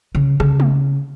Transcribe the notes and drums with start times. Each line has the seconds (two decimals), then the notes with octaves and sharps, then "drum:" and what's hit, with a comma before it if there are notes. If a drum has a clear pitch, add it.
0.15 C#3
0.40 C#3, drum: rim click
0.60 drum: tom G#3